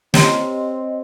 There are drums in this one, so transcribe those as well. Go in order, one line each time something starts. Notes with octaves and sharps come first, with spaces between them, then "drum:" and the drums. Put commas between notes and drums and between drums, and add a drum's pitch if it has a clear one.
C4 G4 C#5 D#5 A#5 C6, drum: snare